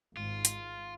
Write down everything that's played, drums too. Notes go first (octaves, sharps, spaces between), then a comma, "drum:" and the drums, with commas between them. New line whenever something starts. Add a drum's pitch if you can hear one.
G#1 G#2 F4
drum: hi-hat